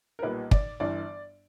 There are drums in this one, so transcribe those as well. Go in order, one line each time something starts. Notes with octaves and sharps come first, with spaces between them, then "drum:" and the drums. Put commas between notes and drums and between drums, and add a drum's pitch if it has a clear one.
A#4
B1 A#2 G3 B4
D5, drum: kick
G1 G2 E3 D5